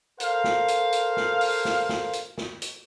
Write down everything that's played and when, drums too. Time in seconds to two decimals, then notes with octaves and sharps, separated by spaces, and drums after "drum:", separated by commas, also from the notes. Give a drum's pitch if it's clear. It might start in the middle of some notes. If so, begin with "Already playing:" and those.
0.20 A4 A#4 C5 F5, drum: hi-hat
0.44 drum: snare
0.68 drum: hi-hat
0.92 drum: hi-hat
1.17 drum: snare
1.41 drum: open hi-hat
1.65 drum: snare
1.89 drum: snare
2.13 drum: hi-hat
2.38 drum: snare
2.62 drum: hi-hat